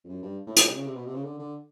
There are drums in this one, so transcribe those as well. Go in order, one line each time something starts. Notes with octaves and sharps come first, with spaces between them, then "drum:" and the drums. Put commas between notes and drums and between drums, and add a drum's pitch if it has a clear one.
F2
F#2
G2
A2
G#2, drum: hi-hat
C3
C#3
C3
B2
C3
C#3
D3
D3